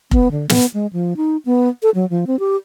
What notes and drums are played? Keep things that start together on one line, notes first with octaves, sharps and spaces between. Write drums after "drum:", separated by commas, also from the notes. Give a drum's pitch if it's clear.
B3, drum: kick F1
D3
B3, drum: snare
G#3
F3
D#4
B3
A4
F#3
F3
C4
G4